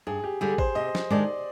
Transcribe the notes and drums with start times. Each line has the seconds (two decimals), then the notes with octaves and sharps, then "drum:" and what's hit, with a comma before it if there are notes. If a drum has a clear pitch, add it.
0.07 G2 G#4
0.24 G4
0.41 D3 G3 G#4
0.58 C5, drum: kick
0.75 C3 D#5
0.95 drum: snare
1.10 D#3 G#3 D4 D5